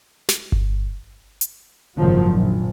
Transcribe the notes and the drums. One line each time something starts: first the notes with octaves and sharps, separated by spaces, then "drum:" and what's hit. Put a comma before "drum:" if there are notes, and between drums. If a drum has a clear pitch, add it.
drum: snare
drum: kick G1
drum: hi-hat
F#1 G#2 D#3 F3 F#3
A#1